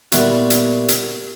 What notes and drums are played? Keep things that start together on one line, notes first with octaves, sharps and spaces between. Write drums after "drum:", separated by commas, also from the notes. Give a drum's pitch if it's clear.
A#2 G3 B3 E4 F#4, drum: hi-hat
drum: hi-hat
drum: hi-hat